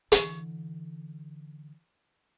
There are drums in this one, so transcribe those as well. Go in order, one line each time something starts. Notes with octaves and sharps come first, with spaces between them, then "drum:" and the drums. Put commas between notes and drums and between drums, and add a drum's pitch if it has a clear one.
D3 E3, drum: hi-hat